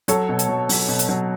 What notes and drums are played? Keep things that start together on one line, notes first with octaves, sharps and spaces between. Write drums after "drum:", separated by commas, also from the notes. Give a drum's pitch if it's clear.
F#3 A4 C#5, drum: hi-hat
B2
drum: hi-hat
F#3
F#3, drum: open hi-hat
B2
drum: hi-hat
F#3